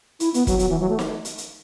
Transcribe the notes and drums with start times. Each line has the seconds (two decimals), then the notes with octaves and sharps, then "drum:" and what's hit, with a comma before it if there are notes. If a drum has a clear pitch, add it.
0.20 E4, drum: hi-hat
0.34 B3, drum: hi-hat
0.47 F#3, drum: kick, hi-hat
0.59 F#3, drum: hi-hat
0.69 E3
0.80 F#3
0.89 A3
0.99 drum: snare
1.25 drum: hi-hat
1.38 drum: hi-hat